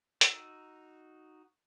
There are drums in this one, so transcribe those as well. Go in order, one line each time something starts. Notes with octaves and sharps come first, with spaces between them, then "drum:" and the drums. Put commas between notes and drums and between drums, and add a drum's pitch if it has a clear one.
D#4 F#4 A#5 E6, drum: hi-hat